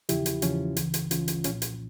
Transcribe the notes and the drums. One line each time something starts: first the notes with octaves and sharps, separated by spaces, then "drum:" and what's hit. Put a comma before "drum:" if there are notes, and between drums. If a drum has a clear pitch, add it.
E2 C#3 F3 E4 G4, drum: hi-hat
drum: hi-hat
E2 C#3 F3 C#4 F4, drum: hi-hat
C#2 C#3 E3, drum: hi-hat
drum: hi-hat
C#2 C#3 E3 C#4 F4, drum: hi-hat
drum: hi-hat
C2 A#2 F3 C#4 F4, drum: hi-hat
drum: hi-hat